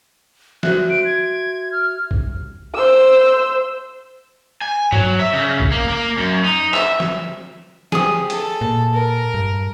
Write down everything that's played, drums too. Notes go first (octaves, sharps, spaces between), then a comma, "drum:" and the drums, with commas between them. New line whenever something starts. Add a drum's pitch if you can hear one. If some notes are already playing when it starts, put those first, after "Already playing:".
F#4 E5 F#6, drum: snare
D7
G#6
F6
drum: kick
C5 E6
G#5
F#3, drum: tom G2
E5
C#3
drum: kick
A#3
A#3
F#2
D#4
E5, drum: clap
drum: snare
G4 G#4 D#6, drum: snare
A4 A5, drum: hi-hat
A#2
A#4
G2